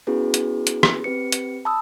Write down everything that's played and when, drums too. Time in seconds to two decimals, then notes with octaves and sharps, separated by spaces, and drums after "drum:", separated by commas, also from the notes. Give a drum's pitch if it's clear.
0.07 B3 C#4 E4 F#4 G#4 B4
0.34 drum: hi-hat
0.67 drum: hi-hat
0.83 drum: rim click
1.04 C4 G4 B4 C#7
1.32 drum: hi-hat
1.65 A5 B5 D#6 E6